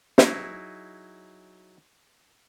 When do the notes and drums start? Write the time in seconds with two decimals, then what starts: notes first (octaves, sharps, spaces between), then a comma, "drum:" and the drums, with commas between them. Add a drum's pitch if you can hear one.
0.18 F#3 D#4 E4 G#4, drum: snare